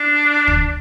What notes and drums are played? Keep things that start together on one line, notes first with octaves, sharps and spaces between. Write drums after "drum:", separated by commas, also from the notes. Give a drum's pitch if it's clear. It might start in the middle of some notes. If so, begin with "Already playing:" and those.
Already playing: D4
drum: kick